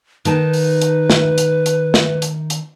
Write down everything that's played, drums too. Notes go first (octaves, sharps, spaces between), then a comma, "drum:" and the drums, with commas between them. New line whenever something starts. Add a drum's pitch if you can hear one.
D#3 D#4 B4 A5, drum: hi-hat
drum: open hi-hat
drum: hi-hat
drum: snare
drum: hi-hat
drum: hi-hat
drum: snare
drum: hi-hat
drum: hi-hat